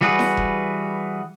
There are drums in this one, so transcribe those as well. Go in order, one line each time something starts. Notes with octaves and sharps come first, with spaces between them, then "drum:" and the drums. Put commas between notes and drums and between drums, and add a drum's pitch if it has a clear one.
E3 G3 F#4 G#4 B4
drum: snare E4
drum: kick F1